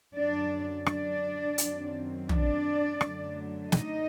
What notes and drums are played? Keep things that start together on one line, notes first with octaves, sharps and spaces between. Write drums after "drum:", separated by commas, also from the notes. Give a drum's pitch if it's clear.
F#2 D3 F#3 D4 D5
D4 D5, drum: rim click
F#2 D#3 F#3 C4, drum: hi-hat
D4 D5, drum: tom
F#2 D3 F#3 A3 D4, drum: rim click
D#4 D#5, drum: snare